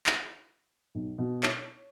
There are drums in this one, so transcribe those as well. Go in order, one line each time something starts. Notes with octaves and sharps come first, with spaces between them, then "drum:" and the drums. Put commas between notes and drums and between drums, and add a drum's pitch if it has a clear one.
drum: clap
B1
B2
C#5, drum: clap